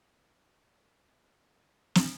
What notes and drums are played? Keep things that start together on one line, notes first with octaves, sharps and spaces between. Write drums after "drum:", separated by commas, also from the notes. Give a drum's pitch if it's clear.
C#5
D3
F#2 B3 C5 F5 C6
drum: snare